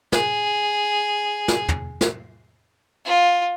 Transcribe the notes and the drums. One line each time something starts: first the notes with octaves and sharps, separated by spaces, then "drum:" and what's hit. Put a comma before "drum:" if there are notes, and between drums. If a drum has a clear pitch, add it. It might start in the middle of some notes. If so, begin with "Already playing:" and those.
G#4, drum: snare
drum: snare
drum: tom
drum: snare
F4